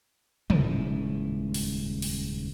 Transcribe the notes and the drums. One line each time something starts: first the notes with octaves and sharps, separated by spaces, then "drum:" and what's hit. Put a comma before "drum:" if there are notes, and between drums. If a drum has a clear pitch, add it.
D#1 C#2 G#2 E3, drum: tom
drum: open hi-hat
drum: open hi-hat